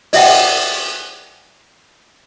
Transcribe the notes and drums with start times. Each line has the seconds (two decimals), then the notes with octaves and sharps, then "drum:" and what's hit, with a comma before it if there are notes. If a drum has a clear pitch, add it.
0.13 D5 E5 F#5 G5, drum: open hi-hat